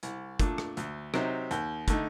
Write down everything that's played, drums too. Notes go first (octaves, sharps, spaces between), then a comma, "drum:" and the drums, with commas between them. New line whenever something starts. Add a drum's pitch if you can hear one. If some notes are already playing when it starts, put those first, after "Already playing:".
C2, drum: hi-hat
A#2 A3 D4, drum: kick, hi-hat
drum: rim click
D2, drum: hi-hat
C3 F#3 C4 D#4, drum: rim click
D#2, drum: hi-hat
D3 A3 D#4, drum: kick, hi-hat